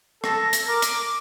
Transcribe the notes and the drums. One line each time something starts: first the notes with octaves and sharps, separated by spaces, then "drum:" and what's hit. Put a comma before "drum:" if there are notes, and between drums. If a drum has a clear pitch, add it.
A4 A#6, drum: rim click
drum: hi-hat
A#4 D6
drum: hi-hat